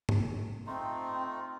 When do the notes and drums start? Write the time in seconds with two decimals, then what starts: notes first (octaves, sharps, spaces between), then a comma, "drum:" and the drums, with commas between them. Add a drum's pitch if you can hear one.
0.09 drum: tom
0.67 A3 C4 D#4 F4